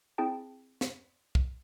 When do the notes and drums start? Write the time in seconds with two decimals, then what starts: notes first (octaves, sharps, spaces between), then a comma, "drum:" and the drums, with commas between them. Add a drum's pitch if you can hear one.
0.18 C4 E4 G#4 G5 A5
0.81 drum: snare
1.35 drum: kick